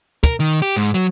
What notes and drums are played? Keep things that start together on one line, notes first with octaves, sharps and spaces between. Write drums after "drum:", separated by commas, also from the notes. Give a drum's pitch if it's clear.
A#4, drum: kick, hi-hat
D#3
G4
G#2
F#3, drum: hi-hat